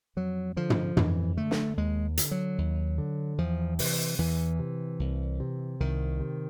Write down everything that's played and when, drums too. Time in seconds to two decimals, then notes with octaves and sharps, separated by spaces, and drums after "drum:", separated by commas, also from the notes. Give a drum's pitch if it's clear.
0.16 F2 F#3
0.56 D3 F3
0.70 drum: tom
0.97 F2 E3, drum: tom
1.37 D3 A3
1.51 drum: snare
1.77 D#2 G#3
2.17 D3, drum: hi-hat
2.31 F#3
2.58 D#2
2.98 D3
3.38 E2 F3
3.79 C3 E3, drum: open hi-hat
4.19 E2 E3
4.59 C3
4.99 C2
5.40 C3
5.80 C2 D#3
6.20 C3